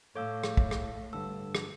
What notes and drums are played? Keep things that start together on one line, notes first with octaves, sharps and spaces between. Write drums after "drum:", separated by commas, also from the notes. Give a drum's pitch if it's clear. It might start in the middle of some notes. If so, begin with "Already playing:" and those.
A2 A4 C#5 F5 D6 E6 G6
drum: rim click
drum: kick
drum: rim click
G2 D3 A4 E6
drum: rim click